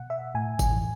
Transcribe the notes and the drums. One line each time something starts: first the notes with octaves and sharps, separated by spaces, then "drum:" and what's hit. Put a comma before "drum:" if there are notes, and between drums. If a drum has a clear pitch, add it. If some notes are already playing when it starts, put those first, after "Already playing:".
Already playing: B2 F#5
E5
A2 G#5
drum: kick G#1, tambourine
E3